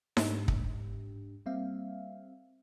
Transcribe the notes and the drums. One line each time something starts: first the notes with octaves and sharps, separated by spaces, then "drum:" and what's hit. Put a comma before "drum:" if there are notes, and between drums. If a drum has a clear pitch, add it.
G#2 D4 G4, drum: snare D#4
drum: kick
G3 A#3 C4 E5 F5